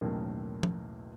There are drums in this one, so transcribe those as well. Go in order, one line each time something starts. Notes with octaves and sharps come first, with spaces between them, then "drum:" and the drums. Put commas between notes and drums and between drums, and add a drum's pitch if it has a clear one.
B1 E2 A2 D#3 A#3 C#4
drum: tom